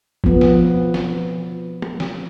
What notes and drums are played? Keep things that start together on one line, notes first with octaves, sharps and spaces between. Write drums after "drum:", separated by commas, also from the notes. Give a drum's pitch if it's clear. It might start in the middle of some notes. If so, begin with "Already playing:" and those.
F3 B3, drum: kick
drum: snare
drum: snare
drum: tom
drum: snare